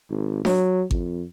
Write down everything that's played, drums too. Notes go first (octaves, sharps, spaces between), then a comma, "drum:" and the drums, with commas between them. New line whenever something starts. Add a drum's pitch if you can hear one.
G#1
F#3, drum: snare D4
F2, drum: kick G#1